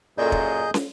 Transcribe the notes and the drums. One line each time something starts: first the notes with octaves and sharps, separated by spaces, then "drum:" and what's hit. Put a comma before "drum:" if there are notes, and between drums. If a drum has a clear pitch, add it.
F#2 A#2 G#4 A4 D5 D#5 G6
drum: kick
drum: snare